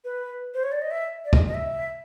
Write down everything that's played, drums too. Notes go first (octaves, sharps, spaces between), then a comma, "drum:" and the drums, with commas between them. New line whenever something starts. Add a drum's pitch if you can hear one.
B4
C5
C#5
D5
D#5
E5
D5
D#5, drum: kick
D#5
E5